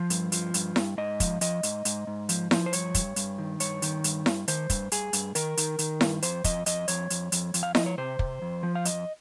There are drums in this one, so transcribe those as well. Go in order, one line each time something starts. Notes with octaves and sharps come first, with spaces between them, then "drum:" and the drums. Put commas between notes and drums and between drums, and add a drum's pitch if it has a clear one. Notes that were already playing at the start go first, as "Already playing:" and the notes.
Already playing: F3 F5
G2, drum: hi-hat
F3, drum: hi-hat
G2, drum: hi-hat
G2, drum: snare E4
G#2 D#5
F3, drum: kick, hi-hat
F3 D#5, drum: hi-hat
G#2, drum: hi-hat
G#2, drum: hi-hat
G#2
F3, drum: hi-hat
F3, drum: snare E4
C5
G2 C#5, drum: hi-hat
G2, drum: kick, hi-hat
G2, drum: hi-hat
D#3
G2 C#5, drum: hi-hat
D#3, drum: hi-hat
G2, drum: hi-hat
G2, drum: snare E4
D#3 C5, drum: hi-hat
G2, drum: kick, hi-hat
G2 G#4, drum: hi-hat
G2, drum: hi-hat
D#3 A#4, drum: hi-hat
D#3, drum: hi-hat
D#3, drum: hi-hat
G2, drum: snare E4
F2 C5, drum: hi-hat
F2 D#5, drum: kick, hi-hat
F2 D#5, drum: hi-hat
F2 C#5, drum: hi-hat
F2, drum: hi-hat
F2, drum: hi-hat
F2, drum: hi-hat
F5
F3 D#5, drum: snare E4
C#5
C3 C5
C3, drum: kick
F2
F3
F5
F2 D#5, drum: hi-hat